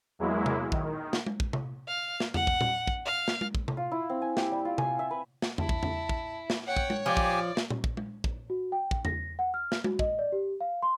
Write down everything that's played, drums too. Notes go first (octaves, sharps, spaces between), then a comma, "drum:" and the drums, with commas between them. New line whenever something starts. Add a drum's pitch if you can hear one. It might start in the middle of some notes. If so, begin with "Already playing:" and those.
E2 F#3 G#3 A#3 E4
drum: tom C3
D#3, drum: kick
drum: snare
drum: tom G#3
drum: kick
drum: tom C3
F5
drum: snare
F#5, drum: tom E2
drum: kick
drum: tom A#2
drum: kick
F5
drum: snare
drum: tom G#3
drum: kick
drum: tom C3
F4
E4
C4
G#5
G4, drum: snare
G3
F4
G#5, drum: tom C3
E5
B4
drum: snare
E4 A5, drum: tom E2
drum: kick
drum: tom E2
drum: kick
drum: snare
C#5 F#5 G5
drum: kick
drum: tom G#3
F3 G4 D5 G#5
drum: kick
drum: snare
drum: tom A#2
drum: kick
drum: tom G#3
drum: kick
F#4
G5
drum: kick
A#6, drum: tom E2
F#5
F6
drum: snare
F#4, drum: tom G#3
D#5, drum: kick
D5
G4
F5
C6